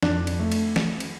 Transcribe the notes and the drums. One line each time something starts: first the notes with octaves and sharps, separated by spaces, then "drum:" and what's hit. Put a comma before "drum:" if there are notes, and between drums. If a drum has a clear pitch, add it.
F2 D4, drum: snare
drum: cymbal
A3
drum: cymbal
drum: snare
drum: cymbal